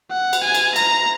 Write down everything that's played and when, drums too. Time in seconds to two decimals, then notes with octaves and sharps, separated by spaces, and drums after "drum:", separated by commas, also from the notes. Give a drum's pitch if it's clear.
0.11 F#5
0.33 drum: cymbal
0.44 G#5
0.54 drum: cymbal
0.76 A#5, drum: cymbal